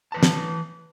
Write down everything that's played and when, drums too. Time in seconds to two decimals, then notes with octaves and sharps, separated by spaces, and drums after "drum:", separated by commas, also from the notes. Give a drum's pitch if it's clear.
0.12 E3 B4 A5
0.23 drum: snare